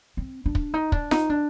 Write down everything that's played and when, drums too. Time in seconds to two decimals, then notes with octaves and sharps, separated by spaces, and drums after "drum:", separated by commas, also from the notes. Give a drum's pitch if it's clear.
0.17 C4
0.46 D4
0.55 drum: kick
0.74 D#4
0.92 D4, drum: kick
1.11 D#4, drum: snare F4
1.30 D4